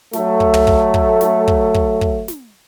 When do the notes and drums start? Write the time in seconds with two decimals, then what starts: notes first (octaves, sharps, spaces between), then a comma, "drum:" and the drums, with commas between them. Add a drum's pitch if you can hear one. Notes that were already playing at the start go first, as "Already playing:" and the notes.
0.13 F#3 A3, drum: snare
0.40 drum: kick
0.54 drum: tom
0.67 drum: kick
0.94 drum: kick
1.21 drum: snare
1.48 drum: kick
1.74 drum: kick
2.01 drum: kick
2.28 drum: snare